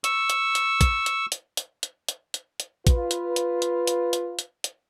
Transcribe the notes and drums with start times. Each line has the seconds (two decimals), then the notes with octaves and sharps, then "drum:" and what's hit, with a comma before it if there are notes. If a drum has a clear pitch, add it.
0.04 C#6 E6, drum: hi-hat
0.30 drum: hi-hat
0.55 drum: hi-hat
0.81 drum: kick, hi-hat
1.06 drum: hi-hat
1.32 drum: hi-hat
1.57 drum: hi-hat
1.83 drum: hi-hat
2.08 drum: hi-hat
2.34 drum: hi-hat
2.60 drum: hi-hat
2.87 F4 B4, drum: kick, hi-hat
3.11 drum: hi-hat
3.36 drum: hi-hat
3.62 drum: hi-hat
3.87 drum: hi-hat
4.13 drum: hi-hat
4.39 drum: hi-hat
4.64 drum: hi-hat